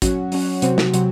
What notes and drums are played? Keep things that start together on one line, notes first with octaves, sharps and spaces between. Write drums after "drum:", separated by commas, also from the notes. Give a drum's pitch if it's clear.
F#3 C#4 F#4, drum: kick, hi-hat
F#3 C#4 F#4, drum: open hi-hat
C3 F#3 C4 F#4, drum: hi-hat
drum: snare
C3 F#3 C4, drum: hi-hat